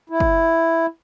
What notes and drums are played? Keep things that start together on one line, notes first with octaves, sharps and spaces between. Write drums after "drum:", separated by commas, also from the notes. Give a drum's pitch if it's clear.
E4
drum: kick